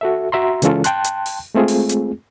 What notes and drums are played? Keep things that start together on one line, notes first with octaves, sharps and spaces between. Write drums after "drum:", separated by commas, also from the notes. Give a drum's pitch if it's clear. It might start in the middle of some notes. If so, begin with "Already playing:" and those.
F#4 A4 E5
F#4 E5 A#5 C6
C#3 E3 G#3 C#4 F4 A4, drum: hi-hat
G5 A5 C6 F#6, drum: hi-hat
drum: hi-hat
drum: open hi-hat
G#3 A3 C4 F4 G#4
drum: open hi-hat
drum: hi-hat